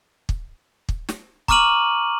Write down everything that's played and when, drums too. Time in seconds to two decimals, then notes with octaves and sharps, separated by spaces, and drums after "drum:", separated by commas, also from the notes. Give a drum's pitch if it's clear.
0.29 drum: kick
0.89 drum: kick
1.09 drum: snare
1.48 A#5 C#6 D6 F6 D#7 F#7, drum: kick